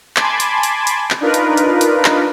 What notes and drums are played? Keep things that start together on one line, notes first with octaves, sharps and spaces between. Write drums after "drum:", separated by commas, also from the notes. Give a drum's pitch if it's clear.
G#5 A5 B5 C6 D6 G#6, drum: clap
drum: hi-hat
drum: hi-hat
drum: hi-hat
drum: clap
D4 D#4 F4 A#4 B4
drum: hi-hat
drum: hi-hat
drum: hi-hat
drum: clap